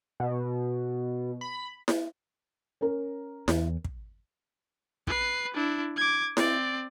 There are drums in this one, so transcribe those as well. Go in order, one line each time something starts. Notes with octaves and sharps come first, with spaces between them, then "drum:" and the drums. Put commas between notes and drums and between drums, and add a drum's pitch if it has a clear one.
B2
B5
drum: snare E4
C#4 A#4
E2, drum: snare E4
drum: kick
B4 C7, drum: kick
D4 E4
D6 G#6
C4 D5, drum: snare E4